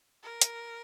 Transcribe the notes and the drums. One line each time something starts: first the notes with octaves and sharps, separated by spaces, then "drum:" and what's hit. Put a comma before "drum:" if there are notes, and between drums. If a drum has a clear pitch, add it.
A#4
drum: hi-hat